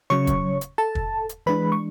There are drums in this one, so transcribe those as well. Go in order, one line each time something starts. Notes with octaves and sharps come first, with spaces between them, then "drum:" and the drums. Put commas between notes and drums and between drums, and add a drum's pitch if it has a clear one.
C#3 F#3 C#4 C#5 C#6
drum: kick, hi-hat
drum: hi-hat
A4 A5
drum: kick
drum: hi-hat
E3 G#3 D4 B4 B5
C#6